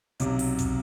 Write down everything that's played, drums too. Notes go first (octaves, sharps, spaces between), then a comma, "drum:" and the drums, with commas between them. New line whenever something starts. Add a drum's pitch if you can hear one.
B1 C3 F#3 D6, drum: hi-hat
drum: open hi-hat
drum: kick, hi-hat